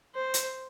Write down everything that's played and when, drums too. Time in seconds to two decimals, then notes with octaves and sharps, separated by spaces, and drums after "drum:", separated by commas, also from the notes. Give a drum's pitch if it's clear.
0.15 C5
0.34 drum: hi-hat